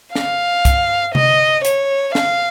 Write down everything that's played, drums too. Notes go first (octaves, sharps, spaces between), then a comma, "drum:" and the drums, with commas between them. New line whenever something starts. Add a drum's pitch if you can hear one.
F5, drum: snare
drum: kick, hi-hat
D#5, drum: tom C3
C#5, drum: hi-hat
F5, drum: snare